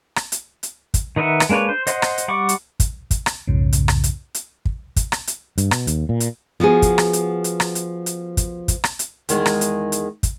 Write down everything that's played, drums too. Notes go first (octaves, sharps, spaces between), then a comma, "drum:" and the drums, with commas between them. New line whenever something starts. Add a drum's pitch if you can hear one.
drum: rim click
drum: hi-hat
drum: hi-hat
drum: kick, hi-hat
D#3 D#4 B4 E5 F#5
drum: rim click
G#3 A#3 D4 B4 C#5
C5
C5 D#5 F#5 C6, drum: hi-hat
drum: rim click
drum: hi-hat
G3 F#5 B5 C#6 D6
drum: hi-hat
drum: kick, hi-hat
drum: kick, hi-hat
drum: rim click
B1 F2 G#2 C#3
drum: hi-hat
drum: rim click
drum: hi-hat
drum: hi-hat
drum: kick
drum: kick, hi-hat
drum: rim click
drum: hi-hat
G2, drum: hi-hat
B2, drum: rim click
D#2, drum: hi-hat
A#2
drum: hi-hat
F3 B3 F#4 G#4
drum: kick, hi-hat
drum: rim click
drum: hi-hat
drum: hi-hat
drum: rim click
drum: hi-hat
drum: hi-hat
drum: kick, hi-hat
drum: kick, hi-hat
drum: rim click
drum: hi-hat
E2 D#3 G#3, drum: hi-hat
drum: rim click
drum: hi-hat
drum: hi-hat
drum: kick, hi-hat